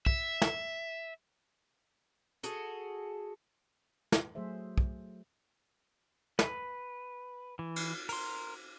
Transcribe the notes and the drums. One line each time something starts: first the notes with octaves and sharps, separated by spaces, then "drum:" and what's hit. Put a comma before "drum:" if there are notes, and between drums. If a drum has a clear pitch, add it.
E5, drum: kick
drum: snare
F#4 G#4 A4, drum: hi-hat
drum: snare
F#3 A3 G#4 C5 E5
drum: kick
B4, drum: snare
E3
drum: cymbal
A#4 C6, drum: open hi-hat